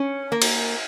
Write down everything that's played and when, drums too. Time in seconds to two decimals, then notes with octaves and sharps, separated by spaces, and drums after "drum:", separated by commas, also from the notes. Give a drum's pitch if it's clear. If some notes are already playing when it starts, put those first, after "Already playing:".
Already playing: C#4
0.32 A#3
0.42 drum: cymbal